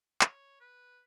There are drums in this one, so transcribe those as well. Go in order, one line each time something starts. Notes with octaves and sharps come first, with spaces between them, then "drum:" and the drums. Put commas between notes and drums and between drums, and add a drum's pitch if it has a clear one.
C#5, drum: clap
B4